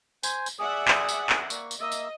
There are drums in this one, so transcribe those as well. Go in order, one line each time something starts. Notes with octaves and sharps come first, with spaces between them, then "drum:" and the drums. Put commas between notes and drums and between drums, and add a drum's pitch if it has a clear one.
C5 G#5, drum: tambourine
drum: tambourine
G#4 D5 E5 F#5 D#6
drum: clap
drum: tambourine
drum: clap
A#3 C#6, drum: tambourine
drum: tambourine
A#3 D#5 E5 E6
drum: tambourine